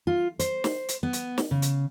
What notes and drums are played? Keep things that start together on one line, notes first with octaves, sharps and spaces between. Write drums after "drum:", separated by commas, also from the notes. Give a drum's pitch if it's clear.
F4
C5, drum: hi-hat
drum: snare
drum: hi-hat
B3
drum: hi-hat
drum: snare
C#3
drum: hi-hat